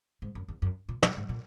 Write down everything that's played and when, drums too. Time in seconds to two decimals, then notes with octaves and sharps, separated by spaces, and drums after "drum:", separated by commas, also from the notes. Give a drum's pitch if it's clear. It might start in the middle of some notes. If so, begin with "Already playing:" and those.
0.22 G#2
0.35 F#2
0.48 E2
0.62 F#2
0.89 A#2
1.02 A#2, drum: tom
1.16 G#2
1.29 A#2